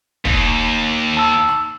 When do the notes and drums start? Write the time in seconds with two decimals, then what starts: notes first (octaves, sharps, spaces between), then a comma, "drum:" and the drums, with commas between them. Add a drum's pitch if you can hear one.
0.25 D#2, drum: kick
1.17 A5 E6
1.49 drum: rim click